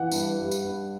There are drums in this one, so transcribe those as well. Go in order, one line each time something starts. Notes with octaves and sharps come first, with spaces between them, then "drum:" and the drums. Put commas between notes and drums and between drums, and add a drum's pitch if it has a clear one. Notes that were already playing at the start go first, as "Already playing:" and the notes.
Already playing: E3 F#5
G2, drum: tambourine
G3
drum: tambourine
G2